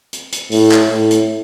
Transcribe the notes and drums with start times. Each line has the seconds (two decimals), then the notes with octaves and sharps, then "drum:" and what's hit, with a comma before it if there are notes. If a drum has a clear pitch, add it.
0.13 drum: hi-hat
0.32 drum: hi-hat
0.51 A2, drum: open hi-hat
0.72 drum: clap
0.91 A2
1.11 drum: hi-hat